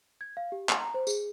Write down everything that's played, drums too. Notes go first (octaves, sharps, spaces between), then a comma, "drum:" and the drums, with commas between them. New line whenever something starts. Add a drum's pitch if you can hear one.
G#6
F5
G4
C6, drum: clap
A#5
C5
G#4, drum: tambourine